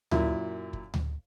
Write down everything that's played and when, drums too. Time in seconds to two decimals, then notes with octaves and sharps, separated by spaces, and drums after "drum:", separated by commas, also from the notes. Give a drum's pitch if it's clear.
0.11 F#2 A#2 E4, drum: tom D2
0.73 drum: kick
0.94 drum: tom D2